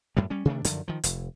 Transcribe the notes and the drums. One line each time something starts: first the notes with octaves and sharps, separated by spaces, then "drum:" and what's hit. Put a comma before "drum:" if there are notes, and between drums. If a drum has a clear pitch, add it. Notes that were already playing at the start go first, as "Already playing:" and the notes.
F#2 A2 G3
G3 C#4
C3 D#3 A3 D4
F#2 D3 D#3 F3, drum: hi-hat
D#3 F3
F1, drum: hi-hat